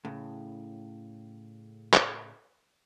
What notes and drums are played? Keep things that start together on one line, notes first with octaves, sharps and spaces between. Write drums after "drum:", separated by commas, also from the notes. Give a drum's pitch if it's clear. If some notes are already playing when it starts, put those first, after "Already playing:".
A2 C#3
drum: clap